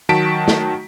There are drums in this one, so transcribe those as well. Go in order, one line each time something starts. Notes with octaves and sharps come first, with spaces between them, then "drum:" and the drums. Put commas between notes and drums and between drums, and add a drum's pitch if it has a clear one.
D#3 F#3 F#4 A5 B6 D7
drum: snare